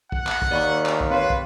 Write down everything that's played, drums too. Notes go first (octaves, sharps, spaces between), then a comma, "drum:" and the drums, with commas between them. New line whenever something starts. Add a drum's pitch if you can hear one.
F#5, drum: kick
drum: clap
drum: kick
D#2 D5 B5 C#6
drum: clap
drum: kick
C4 G4 B4 C#5 F5 C6
drum: kick